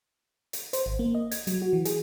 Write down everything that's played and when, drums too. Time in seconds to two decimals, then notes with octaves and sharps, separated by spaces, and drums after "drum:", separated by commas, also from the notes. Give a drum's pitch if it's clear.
0.53 drum: hi-hat
0.73 C5, drum: hi-hat
0.86 G#1
0.99 A#3
1.15 D#5
1.31 G#6, drum: hi-hat
1.47 F#3, drum: hi-hat
1.62 F#4
1.73 E3
1.85 G#4, drum: hi-hat